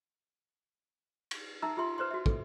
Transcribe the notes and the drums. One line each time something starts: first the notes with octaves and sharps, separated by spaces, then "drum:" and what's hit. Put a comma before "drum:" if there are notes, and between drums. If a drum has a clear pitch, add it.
drum: cymbal
D#4 E5 A#5 E6
F4 G4 E5 C6
B4 C5 D5 C6
F#4 E5
A4, drum: kick